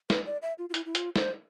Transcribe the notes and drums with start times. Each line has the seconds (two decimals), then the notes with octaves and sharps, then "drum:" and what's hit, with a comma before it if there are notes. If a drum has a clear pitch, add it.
0.10 B4, drum: snare
0.26 D5
0.42 E5
0.58 F4
0.69 F4
0.74 E4, drum: hi-hat
0.86 E4
0.95 F4, drum: hi-hat
1.16 C5, drum: snare